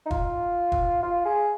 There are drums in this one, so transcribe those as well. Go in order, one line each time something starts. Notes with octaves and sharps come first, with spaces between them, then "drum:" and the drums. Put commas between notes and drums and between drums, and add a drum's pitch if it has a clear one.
D#4
F4, drum: kick
drum: kick
F4
G#4